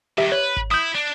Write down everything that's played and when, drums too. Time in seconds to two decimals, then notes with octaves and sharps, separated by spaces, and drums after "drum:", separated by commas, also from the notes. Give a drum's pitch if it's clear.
0.18 G2 D#3 G4 E5
0.32 B4 C#5
0.57 drum: kick G#1
0.71 E4 D#6 G6
0.95 D4